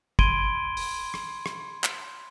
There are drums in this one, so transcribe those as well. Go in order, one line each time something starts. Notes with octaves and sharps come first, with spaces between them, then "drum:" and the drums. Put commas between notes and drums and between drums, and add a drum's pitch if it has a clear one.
B5 C6 G#6 D7 D#7 G7, drum: kick
drum: open hi-hat
drum: rim click
drum: rim click
drum: clap